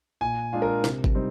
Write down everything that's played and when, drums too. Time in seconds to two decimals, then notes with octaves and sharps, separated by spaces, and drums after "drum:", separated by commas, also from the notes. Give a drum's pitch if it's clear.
0.21 A#2 G#5
0.53 G#3 D4 F4
0.62 A#4
0.84 C3, drum: snare
1.04 drum: kick G#1
1.15 G3 C4 D#4